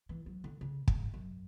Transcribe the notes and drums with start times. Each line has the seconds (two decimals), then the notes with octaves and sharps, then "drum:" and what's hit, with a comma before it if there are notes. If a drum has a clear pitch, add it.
0.09 E3
0.26 F#3
0.44 D3
0.61 C#3
0.88 G#2, drum: kick
1.14 F#2